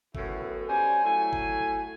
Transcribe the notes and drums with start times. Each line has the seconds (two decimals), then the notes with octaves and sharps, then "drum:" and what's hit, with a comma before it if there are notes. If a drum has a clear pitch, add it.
0.15 F#2 A2 A3 B3 E4 F#4, drum: kick G1
0.68 G3 C#4 C5 G#5
1.04 A2 F#3 A3 G#5
1.33 drum: kick G1